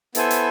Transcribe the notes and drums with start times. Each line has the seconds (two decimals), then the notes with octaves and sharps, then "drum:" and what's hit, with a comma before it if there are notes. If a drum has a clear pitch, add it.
0.15 B3 E4 A4 C5 G#5, drum: hi-hat
0.31 drum: hi-hat